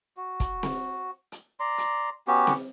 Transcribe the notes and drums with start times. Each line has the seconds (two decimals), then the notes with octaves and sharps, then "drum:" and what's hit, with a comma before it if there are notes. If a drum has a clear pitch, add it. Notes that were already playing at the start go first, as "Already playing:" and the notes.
0.17 F#4
0.40 drum: kick, hi-hat
0.63 drum: snare C4
1.32 drum: hi-hat
1.60 D5 A#5 C6
1.78 drum: hi-hat
2.27 B3 C#4 F#4 G4
2.47 drum: snare C4